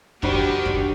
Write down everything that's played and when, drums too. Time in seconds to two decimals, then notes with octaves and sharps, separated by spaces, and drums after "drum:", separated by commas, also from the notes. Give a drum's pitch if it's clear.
0.23 D#3 D4 F#4 G4 C5 B5, drum: kick F2
0.66 drum: kick F2